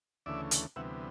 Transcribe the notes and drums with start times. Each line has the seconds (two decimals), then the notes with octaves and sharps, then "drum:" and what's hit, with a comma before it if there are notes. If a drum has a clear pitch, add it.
0.26 D2 C#3 E3 A3 D5 E5
0.51 drum: hi-hat
0.76 D2 C3 E3 G3 B3 E5 F#5